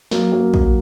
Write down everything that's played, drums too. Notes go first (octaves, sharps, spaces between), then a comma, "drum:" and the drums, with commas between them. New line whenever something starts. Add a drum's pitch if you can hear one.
F#3 A#3, drum: snare
F#3 A#3
drum: kick